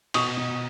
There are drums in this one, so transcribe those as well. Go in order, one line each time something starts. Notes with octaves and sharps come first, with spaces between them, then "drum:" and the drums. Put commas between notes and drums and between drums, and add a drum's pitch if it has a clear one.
B2 C#6 D#6, drum: cymbal
B2